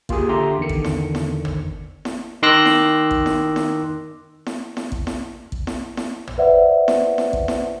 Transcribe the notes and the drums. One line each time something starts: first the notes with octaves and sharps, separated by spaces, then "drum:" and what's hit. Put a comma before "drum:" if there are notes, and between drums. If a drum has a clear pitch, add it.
A#3 F4 G4 G#4, drum: kick
D3 G4 E5 A#5 C6
E2 D3 D#3 C#7
drum: kick
drum: snare E4
drum: snare E4
drum: tom
drum: snare E4
D#3 C6 D6 E6 F#6 A#6
drum: snare E4
drum: kick
drum: snare E4
drum: snare E4
drum: snare E4
drum: snare E4
drum: kick
drum: snare E4
drum: kick
drum: snare E4
drum: snare E4
drum: tom
B4 C5 D5 E5 F#5
drum: snare E4
drum: snare E4
drum: kick
drum: snare E4